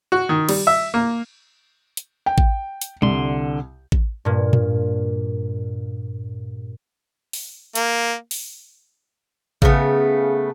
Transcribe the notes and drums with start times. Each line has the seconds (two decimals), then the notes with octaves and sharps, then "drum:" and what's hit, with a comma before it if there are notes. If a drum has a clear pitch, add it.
0.12 F#4
0.29 D#3
0.49 G3, drum: cymbal
0.67 E5
0.94 A#3
1.97 drum: hi-hat
2.26 G5
2.38 drum: kick A1
2.81 drum: hi-hat
3.02 C2 D3 C6, drum: tom G3
3.92 drum: kick A1
4.25 G2 A#2
4.53 drum: tom A2
7.33 drum: open hi-hat
7.75 A#3, drum: hi-hat
8.31 drum: open hi-hat
9.62 C#3 A3 B3, drum: kick A1